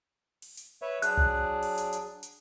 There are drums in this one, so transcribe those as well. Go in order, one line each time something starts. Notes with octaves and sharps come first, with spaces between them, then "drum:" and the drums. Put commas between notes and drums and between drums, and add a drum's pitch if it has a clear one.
drum: open hi-hat
drum: hi-hat
B4 C#5 E5
F#3 D4 G#4 F#6, drum: hi-hat
drum: tom C2
drum: open hi-hat
drum: hi-hat
drum: hi-hat
drum: hi-hat